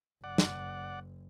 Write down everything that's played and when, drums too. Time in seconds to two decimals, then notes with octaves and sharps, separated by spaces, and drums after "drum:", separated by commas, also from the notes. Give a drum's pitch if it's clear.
0.24 F#1 D5 F#5
0.38 drum: snare